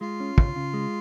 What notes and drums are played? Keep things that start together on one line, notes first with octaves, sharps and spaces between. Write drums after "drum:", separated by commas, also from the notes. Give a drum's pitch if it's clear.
G#3 F4
C#4
C#3, drum: kick
C#3
G#3